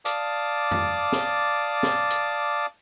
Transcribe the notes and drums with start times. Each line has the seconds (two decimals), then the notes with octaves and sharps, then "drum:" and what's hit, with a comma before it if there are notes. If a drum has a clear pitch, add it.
0.05 D5 F5 A5 D6 D#6, drum: hi-hat
0.71 drum: tom F2
1.12 drum: snare
1.83 drum: snare
2.10 drum: hi-hat